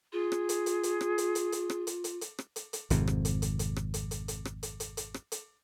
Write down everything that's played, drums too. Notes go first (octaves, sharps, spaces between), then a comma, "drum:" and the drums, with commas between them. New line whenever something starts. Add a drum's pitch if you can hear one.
F4 G#4
drum: rim click
drum: hi-hat
drum: hi-hat
drum: hi-hat
drum: rim click
drum: hi-hat
drum: hi-hat
drum: hi-hat
drum: rim click
drum: hi-hat
drum: hi-hat
drum: hi-hat
drum: rim click
drum: hi-hat
drum: hi-hat
G#1 F2 C3, drum: hi-hat
drum: rim click
drum: hi-hat
drum: hi-hat
drum: hi-hat
drum: rim click
drum: hi-hat
drum: hi-hat
drum: hi-hat
drum: rim click
drum: hi-hat
drum: hi-hat
drum: hi-hat
drum: rim click
drum: hi-hat